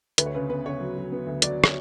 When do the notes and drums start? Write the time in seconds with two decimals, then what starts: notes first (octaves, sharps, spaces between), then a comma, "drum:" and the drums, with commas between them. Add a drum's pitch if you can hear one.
0.18 D2 B4, drum: hi-hat
0.26 C#5
0.34 C#3 B4
0.49 B3 B4
0.66 C#3 C#5
0.80 F#3
0.97 F#3
1.12 B3
1.27 D2
1.42 F#3 D5, drum: hi-hat
1.64 C#5, drum: rim click